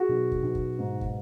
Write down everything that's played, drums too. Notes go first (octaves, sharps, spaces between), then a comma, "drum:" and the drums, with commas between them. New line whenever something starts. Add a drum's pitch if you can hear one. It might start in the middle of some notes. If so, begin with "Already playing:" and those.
Already playing: F#4 G#4
B1
drum: kick
B1
drum: kick
G#2
drum: kick